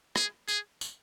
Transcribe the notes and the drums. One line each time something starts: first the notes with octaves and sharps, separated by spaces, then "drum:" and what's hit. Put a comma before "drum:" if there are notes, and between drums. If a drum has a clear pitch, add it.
G#4, drum: rim click
G#4, drum: tambourine
drum: tambourine